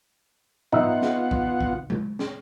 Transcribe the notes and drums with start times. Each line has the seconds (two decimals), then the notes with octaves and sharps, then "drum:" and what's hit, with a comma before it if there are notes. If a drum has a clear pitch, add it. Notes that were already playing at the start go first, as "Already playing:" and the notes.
0.72 B3 D#4 F4 E5 F#5, drum: tom
1.02 drum: snare
1.31 drum: kick A#1
1.61 drum: kick A#1
1.90 drum: tom G#3
2.19 drum: snare